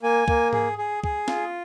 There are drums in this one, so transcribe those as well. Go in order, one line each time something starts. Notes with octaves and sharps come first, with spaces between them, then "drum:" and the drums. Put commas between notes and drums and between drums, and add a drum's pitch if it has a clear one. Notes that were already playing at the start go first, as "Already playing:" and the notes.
A#3 G#5
A#3, drum: kick
G#4, drum: tom G#2
G#4
G#4, drum: kick
F4, drum: snare